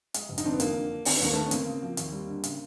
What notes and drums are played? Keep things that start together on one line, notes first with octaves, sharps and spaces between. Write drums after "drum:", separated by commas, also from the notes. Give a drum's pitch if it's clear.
G#3, drum: hi-hat
F#1
D#4, drum: hi-hat
D#3 C4 D4
B3
F2 A#3, drum: hi-hat
D3
D3
D#3 C4, drum: open hi-hat
B3
D#2 A#3
D#3 A3 B3
C#4
C#3 A#3 C4, drum: hi-hat
C#3
F3
D#2, drum: hi-hat
G3
D3
C#3, drum: hi-hat